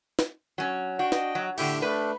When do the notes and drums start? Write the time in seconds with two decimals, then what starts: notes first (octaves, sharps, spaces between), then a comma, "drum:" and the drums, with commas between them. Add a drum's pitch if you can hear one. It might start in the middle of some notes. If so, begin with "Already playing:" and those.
0.19 drum: snare
0.58 F#3 C#4
0.99 D4 F#4 G5
1.12 D#5 G5, drum: snare
1.35 F#3
1.58 A2 D3 G4 E5 G5, drum: cymbal
1.82 A3 D4 B4